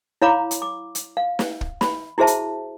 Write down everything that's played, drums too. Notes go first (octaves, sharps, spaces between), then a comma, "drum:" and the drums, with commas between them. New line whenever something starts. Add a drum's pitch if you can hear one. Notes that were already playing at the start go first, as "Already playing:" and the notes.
E4 C#5 F5 A#5 B5 D6
drum: hi-hat
D6
drum: hi-hat
F5
drum: snare
drum: kick
B5, drum: snare
E4 F#4 G#4 C5 E5 A5
drum: hi-hat